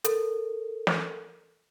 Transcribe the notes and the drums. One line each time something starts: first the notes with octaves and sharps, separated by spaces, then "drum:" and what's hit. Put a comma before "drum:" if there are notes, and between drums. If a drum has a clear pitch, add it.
A4 A#4, drum: hi-hat
drum: snare